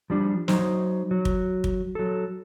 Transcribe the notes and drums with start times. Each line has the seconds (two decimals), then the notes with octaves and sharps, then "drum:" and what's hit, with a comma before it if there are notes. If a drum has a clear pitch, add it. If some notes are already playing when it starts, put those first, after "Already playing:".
0.10 F3 G3 D4
0.48 F#3 D#4 C5, drum: snare
1.11 F#3
1.25 drum: kick
1.64 drum: kick
1.95 F#3 A4